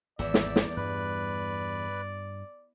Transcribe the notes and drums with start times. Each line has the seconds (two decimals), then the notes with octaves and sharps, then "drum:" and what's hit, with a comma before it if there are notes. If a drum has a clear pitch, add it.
0.19 G#1 E2 D5 E5 E6
0.34 drum: snare
0.56 drum: snare
0.77 G2 G3 B4 F#6